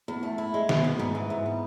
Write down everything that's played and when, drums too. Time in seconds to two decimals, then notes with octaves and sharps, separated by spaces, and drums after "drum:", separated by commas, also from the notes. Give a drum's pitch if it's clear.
0.08 E2
0.23 A3
0.38 E4
0.54 G#3
0.69 B2, drum: snare
0.84 B3
0.99 G#2
1.15 E3
1.30 G#2
1.46 B3